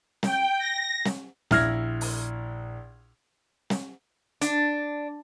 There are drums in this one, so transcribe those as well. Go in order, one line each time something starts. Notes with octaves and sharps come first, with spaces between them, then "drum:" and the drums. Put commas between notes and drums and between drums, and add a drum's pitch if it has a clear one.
G5, drum: snare
A#6
drum: snare
A#1 E4 F6 G#6 A#6, drum: snare
drum: open hi-hat
drum: snare
D4, drum: hi-hat